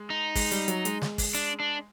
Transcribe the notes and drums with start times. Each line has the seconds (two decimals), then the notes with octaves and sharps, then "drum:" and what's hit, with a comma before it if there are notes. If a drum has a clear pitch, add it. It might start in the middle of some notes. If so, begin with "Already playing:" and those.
Already playing: G#3
0.10 D#4
0.35 G#3, drum: kick, open hi-hat
0.52 G3, drum: hi-hat
0.68 F#3, drum: hi-hat
0.85 G#3, drum: hi-hat
1.02 drum: snare
1.18 drum: kick, open hi-hat
1.35 D4, drum: hi-hat
1.60 D4